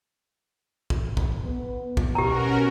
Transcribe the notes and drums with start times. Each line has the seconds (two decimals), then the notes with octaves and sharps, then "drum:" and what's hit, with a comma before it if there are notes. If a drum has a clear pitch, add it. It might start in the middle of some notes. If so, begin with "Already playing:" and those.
0.90 drum: kick
1.17 drum: kick
1.44 B3
1.97 drum: kick
2.15 B2 C#4 F#4 G4 A#4 A#5